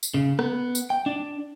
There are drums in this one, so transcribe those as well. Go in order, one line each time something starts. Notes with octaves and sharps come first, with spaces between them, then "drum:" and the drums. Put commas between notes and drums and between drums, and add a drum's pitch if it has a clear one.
drum: tambourine
C#3
B3, drum: rim click
drum: tambourine
G5
D4